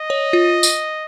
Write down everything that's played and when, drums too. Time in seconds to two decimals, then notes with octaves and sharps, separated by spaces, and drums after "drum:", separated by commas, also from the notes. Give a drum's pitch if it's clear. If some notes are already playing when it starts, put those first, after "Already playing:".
Already playing: D#5
0.10 C#5
0.33 F4
0.63 drum: tambourine